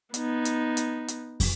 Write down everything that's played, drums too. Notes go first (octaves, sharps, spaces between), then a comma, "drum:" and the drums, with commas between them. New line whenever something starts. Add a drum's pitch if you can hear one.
B3 D#4, drum: hi-hat
drum: hi-hat
drum: hi-hat
drum: hi-hat
drum: kick, open hi-hat